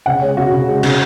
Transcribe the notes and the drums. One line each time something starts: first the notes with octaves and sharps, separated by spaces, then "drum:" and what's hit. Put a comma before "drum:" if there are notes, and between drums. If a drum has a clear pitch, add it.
C#3 F#5
G#3 C#5
C#3 F#4
C#3
G#3
C#3, drum: cymbal